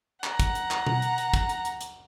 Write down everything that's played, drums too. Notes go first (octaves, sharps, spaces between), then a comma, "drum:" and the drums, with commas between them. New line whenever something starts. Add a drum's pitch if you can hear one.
F#5 A#5, drum: clap
drum: kick, hi-hat
drum: hi-hat
drum: clap
drum: tom B2
drum: hi-hat
drum: hi-hat
drum: kick, hi-hat
drum: hi-hat
drum: hi-hat
drum: hi-hat